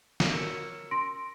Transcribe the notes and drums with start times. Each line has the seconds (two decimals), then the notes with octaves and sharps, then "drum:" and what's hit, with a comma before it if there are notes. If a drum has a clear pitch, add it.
0.20 F#4 C#5, drum: snare
0.32 A#4 E6 C#7
0.91 C6 A#6 D7